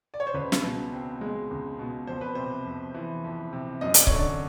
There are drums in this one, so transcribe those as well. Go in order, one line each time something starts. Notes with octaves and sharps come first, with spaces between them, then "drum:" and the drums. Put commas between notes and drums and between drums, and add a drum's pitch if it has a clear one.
D5
C#5
C5
C#2 B4
drum: snare
B2
C4
G#3
C#2
B2
F2 C5
B4
C3 C5
F2
E3
F2
C3
F#2 D#5
D5, drum: hi-hat
D3 C#5, drum: kick C#1
D5